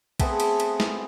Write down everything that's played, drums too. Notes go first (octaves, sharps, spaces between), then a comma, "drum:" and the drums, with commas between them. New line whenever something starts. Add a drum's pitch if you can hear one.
A3 B3 C4 G#4, drum: kick B1, cymbal
drum: cymbal
drum: cymbal
drum: snare